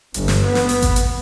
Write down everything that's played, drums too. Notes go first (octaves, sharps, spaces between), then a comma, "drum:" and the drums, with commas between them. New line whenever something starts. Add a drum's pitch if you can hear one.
G1, drum: hi-hat
drum: snare
B3
drum: snare
drum: open hi-hat
drum: kick G#1, hi-hat
drum: hi-hat